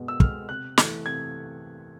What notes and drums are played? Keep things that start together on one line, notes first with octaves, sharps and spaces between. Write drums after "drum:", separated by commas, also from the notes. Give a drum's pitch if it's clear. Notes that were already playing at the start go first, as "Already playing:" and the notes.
Already playing: B2 G#3 B3
E6
G#3 B3 F6, drum: kick
C3 F#6
E3 A3, drum: snare
C3 G#6